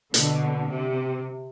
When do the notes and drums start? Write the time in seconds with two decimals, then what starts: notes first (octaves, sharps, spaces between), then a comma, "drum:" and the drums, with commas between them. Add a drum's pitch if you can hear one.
0.14 B2 D3, drum: hi-hat
0.69 C3